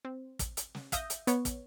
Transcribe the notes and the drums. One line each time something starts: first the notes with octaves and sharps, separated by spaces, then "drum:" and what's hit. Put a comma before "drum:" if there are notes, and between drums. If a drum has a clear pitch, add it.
C4
drum: kick, hi-hat
drum: hi-hat
drum: snare
E5 F5 D#6 G6 A#6, drum: kick, hi-hat
drum: hi-hat
B3 C#5, drum: hi-hat
drum: kick, hi-hat